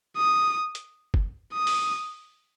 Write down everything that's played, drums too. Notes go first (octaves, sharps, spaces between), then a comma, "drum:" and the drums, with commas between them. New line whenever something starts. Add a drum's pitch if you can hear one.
D#6
drum: hi-hat
drum: kick F#1
D#6
drum: open hi-hat